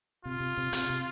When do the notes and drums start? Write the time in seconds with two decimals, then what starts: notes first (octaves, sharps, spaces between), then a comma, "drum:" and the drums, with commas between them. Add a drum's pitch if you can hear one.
0.25 C3 F4
0.40 C3
0.58 C3
0.73 C3, drum: hi-hat
0.90 C3